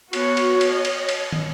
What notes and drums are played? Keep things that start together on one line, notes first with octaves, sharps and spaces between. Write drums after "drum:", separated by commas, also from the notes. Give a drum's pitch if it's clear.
B3 F#4 C#5 F6, drum: cymbal
drum: cymbal
drum: cymbal
D#5
drum: cymbal
drum: cymbal
drum: tom